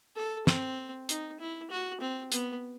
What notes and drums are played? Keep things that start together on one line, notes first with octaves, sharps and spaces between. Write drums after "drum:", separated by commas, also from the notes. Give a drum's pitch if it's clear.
A4
C4, drum: snare
D#4, drum: hi-hat
E4
F#4
C4
B3, drum: hi-hat